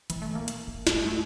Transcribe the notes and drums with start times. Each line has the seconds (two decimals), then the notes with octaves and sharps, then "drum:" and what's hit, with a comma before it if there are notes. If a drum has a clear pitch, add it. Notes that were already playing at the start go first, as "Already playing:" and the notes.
0.10 B2 E3, drum: hi-hat
0.22 A3
0.29 A#2
0.35 A#3
0.48 drum: hi-hat
0.67 A2
0.87 G#2 A3, drum: snare
0.96 G2 G#3
1.06 A3